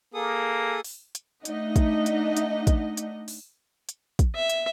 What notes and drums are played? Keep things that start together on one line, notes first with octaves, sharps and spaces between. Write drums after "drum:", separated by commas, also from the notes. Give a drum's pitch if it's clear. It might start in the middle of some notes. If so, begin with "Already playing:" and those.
A#3 G#4 A4 D#6
drum: open hi-hat
drum: hi-hat
A3 D4 D#4 D#5 E5 F#5, drum: hi-hat
drum: kick, hi-hat
drum: hi-hat
drum: hi-hat
drum: kick, hi-hat
drum: hi-hat
drum: open hi-hat
drum: hi-hat
drum: kick, hi-hat
E5
drum: hi-hat